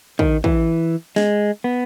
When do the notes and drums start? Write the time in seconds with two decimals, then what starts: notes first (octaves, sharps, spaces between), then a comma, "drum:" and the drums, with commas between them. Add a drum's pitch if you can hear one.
0.19 D#3, drum: kick
0.44 E3, drum: kick
1.16 G#3, drum: snare
1.64 B3